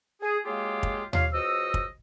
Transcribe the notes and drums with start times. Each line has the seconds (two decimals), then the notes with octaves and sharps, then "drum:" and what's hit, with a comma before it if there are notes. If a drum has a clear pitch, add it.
0.22 G#4
0.45 F#3 G#3 A#3 F4 G4 G#4
0.83 drum: kick
1.13 F4 G4 C#5 F5, drum: tom D#2
1.33 C#2 F#4 C5 D#5 E6
1.74 drum: kick